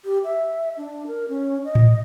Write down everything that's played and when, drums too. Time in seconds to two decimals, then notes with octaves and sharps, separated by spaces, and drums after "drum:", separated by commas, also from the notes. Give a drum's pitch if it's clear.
0.05 G4
0.24 E5
0.77 D4
1.07 A#4
1.29 C#4
1.65 D#5
1.75 drum: tom A2